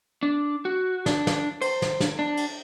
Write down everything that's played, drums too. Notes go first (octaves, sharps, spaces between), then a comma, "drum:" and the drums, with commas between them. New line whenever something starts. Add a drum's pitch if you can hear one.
D4
F#4
D4, drum: snare
drum: snare
C5, drum: cymbal
drum: snare
drum: snare
D4
drum: cymbal